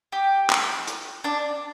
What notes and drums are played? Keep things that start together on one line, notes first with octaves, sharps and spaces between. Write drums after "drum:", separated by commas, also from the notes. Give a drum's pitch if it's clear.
G4
drum: clap
drum: hi-hat
D4 D5